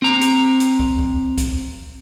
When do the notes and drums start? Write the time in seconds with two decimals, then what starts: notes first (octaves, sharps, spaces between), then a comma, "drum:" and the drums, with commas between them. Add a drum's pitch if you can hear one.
0.02 C4 A#5
0.21 drum: hi-hat
0.60 drum: hi-hat
0.79 drum: kick
0.99 drum: kick
1.38 drum: kick, hi-hat